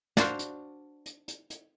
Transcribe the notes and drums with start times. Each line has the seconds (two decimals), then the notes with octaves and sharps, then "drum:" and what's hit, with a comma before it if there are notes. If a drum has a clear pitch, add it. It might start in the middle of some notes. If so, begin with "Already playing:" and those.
0.17 D4 F#4 C5 F5, drum: snare
0.39 drum: hi-hat
1.06 drum: hi-hat
1.28 drum: hi-hat
1.50 drum: hi-hat